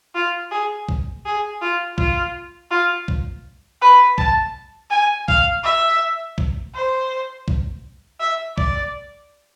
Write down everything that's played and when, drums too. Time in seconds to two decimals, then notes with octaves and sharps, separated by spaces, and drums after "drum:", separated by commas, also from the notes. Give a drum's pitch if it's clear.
0.15 F4
0.52 G#4
0.89 drum: kick
1.26 G#4
1.62 F4
1.98 F4, drum: kick
2.71 F4
3.08 drum: kick
3.82 B4
4.18 A5, drum: kick
4.91 G#5
5.28 F5, drum: kick
5.64 E5
6.38 drum: kick
6.75 C5
7.48 drum: kick
8.20 E5
8.58 D5, drum: kick